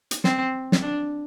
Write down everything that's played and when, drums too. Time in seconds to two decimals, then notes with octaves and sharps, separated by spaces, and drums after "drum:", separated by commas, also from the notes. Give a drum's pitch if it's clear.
0.11 drum: hi-hat
0.24 C4, drum: snare
0.72 drum: snare
0.82 D4